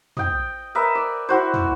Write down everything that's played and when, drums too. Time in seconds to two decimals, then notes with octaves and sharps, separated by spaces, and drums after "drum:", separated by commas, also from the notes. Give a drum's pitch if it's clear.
0.17 D#5 G5, drum: tom
0.75 A#4 B4 D#5 E5
0.95 D5
1.29 E4 F#4 C5
1.54 drum: tom